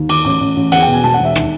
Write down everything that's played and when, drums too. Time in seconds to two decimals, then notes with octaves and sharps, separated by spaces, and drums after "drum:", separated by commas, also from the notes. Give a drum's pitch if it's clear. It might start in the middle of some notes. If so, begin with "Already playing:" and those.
Already playing: D#2
0.09 D#3 D6, drum: cymbal
0.25 A1 D6
0.41 A1
0.57 A1
0.72 E2 F#5, drum: cymbal
0.82 G5
0.88 B2
0.93 G#5
1.04 E1 A5
1.14 F#5
1.20 E1 E5
1.35 D#3, drum: rim click